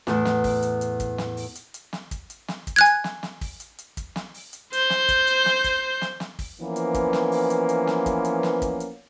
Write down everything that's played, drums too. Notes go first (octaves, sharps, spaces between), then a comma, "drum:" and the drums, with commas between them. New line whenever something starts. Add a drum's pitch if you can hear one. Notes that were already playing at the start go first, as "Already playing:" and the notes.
E2 A2, drum: snare
drum: snare
drum: kick, open hi-hat
drum: hi-hat
drum: hi-hat
drum: kick, hi-hat
drum: snare
drum: open hi-hat
drum: hi-hat
drum: hi-hat
drum: snare
drum: kick, hi-hat
drum: hi-hat
drum: snare
drum: kick, hi-hat
G#5 F#6 G#6
drum: hi-hat
drum: snare
drum: snare
drum: kick, open hi-hat
drum: hi-hat
drum: hi-hat
drum: kick, hi-hat
drum: snare
drum: open hi-hat
drum: hi-hat
C5 G6, drum: hi-hat
drum: snare
drum: kick, hi-hat
drum: hi-hat
drum: snare
drum: kick, hi-hat
drum: snare
drum: snare
drum: kick, open hi-hat
E3 F3 A#3 B3 C#4
drum: hi-hat
drum: kick, hi-hat
drum: snare
drum: open hi-hat
drum: hi-hat
drum: hi-hat
drum: snare
drum: kick, hi-hat
drum: hi-hat
drum: snare
drum: kick, hi-hat
drum: hi-hat